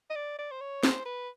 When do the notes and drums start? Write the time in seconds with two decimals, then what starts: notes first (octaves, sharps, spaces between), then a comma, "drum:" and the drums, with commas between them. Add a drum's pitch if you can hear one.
0.10 D#5
0.16 D5
0.39 D5
0.51 C5
0.61 C#5
0.83 C5, drum: snare
1.05 B4